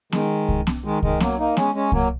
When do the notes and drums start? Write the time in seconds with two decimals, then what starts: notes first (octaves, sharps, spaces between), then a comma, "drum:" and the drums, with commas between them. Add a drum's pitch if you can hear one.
0.12 D#3 G#3, drum: snare B3
0.49 drum: kick C2
0.67 drum: snare B3
0.84 D#3 G#3
1.03 D#3 G#3, drum: kick C2
1.20 F#3 A#3, drum: snare B3
1.39 A#3 D#4
1.57 G#3 C#4, drum: snare B3
1.74 G#3 C#4
1.92 F#3 A#3, drum: kick C2